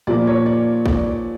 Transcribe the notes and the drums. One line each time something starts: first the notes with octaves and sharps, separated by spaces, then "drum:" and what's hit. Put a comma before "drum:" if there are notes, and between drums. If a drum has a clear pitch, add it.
A#2 F3 A#3 D5
C#5
D5
D5, drum: kick